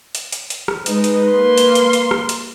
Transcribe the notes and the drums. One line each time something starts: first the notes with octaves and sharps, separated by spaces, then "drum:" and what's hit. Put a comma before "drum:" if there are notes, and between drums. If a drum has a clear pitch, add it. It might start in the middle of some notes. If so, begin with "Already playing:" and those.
drum: hi-hat
drum: hi-hat
drum: hi-hat
drum: rim click
G#3 D#4 B4, drum: hi-hat
drum: hi-hat
A#3 C6
drum: hi-hat
drum: hi-hat
drum: hi-hat
drum: rim click
drum: hi-hat